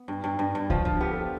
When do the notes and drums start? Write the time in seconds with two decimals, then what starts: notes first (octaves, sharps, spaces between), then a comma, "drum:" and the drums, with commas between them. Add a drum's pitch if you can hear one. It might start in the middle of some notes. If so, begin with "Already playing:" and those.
Already playing: B3
0.08 G2
0.24 G2
0.39 G2
0.55 G2
0.70 F3 F4, drum: kick C#2
0.85 F3
1.01 B3 G4
1.11 A4
1.21 G4